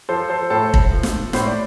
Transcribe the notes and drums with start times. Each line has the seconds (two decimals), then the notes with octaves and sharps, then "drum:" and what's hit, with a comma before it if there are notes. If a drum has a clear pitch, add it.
0.09 F3 A4 C5
0.29 A4 C5
0.50 A2 A4 C5
0.74 drum: kick
0.92 F3
1.03 drum: snare
1.33 A2 C5, drum: snare
1.47 D5